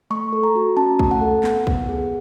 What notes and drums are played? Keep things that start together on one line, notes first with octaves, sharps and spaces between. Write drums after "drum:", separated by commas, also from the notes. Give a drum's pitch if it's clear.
A3 C#6
A4
A#5
F#4
C#4 A5
A3, drum: kick
F#5
A4
B3, drum: clap
B3, drum: kick
G#4